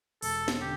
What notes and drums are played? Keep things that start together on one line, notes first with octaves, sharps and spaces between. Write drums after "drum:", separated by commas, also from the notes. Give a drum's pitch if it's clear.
E1 A4, drum: open hi-hat
drum: snare
D3 G4